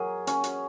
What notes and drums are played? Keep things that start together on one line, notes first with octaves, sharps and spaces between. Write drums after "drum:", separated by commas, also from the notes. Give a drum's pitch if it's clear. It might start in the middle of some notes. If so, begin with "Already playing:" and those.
Already playing: F#3 G#4 A#4
C#4, drum: hi-hat
drum: hi-hat